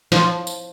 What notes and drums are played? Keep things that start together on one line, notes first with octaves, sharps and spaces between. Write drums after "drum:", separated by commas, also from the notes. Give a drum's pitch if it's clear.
F3, drum: snare
drum: tambourine